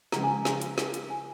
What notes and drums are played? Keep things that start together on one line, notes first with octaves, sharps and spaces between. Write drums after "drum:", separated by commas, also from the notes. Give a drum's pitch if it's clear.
C#3 F3 G#3 C#4 A#5, drum: snare
G#5
A#5
drum: snare
drum: hi-hat
drum: snare
drum: hi-hat
G#5